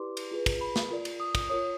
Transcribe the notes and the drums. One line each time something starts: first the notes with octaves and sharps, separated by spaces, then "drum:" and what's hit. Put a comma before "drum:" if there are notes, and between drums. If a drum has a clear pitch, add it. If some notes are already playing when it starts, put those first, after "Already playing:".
Already playing: E4 G4 B4 D5 C6 D6
drum: cymbal
F4 G#4 B4
drum: kick, cymbal
B5
drum: snare
F4 A#4 D5
drum: cymbal
D#6
D#6, drum: kick, cymbal
F4 A#4 C#5 D#6